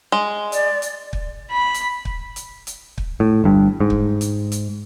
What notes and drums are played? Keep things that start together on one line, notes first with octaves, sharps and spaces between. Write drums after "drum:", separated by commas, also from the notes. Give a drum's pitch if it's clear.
G#3
D5, drum: hi-hat
drum: hi-hat
drum: kick
B5
drum: hi-hat
drum: kick
drum: hi-hat
drum: hi-hat
drum: kick
A2
G1 G2
G#2
drum: kick
drum: hi-hat
drum: hi-hat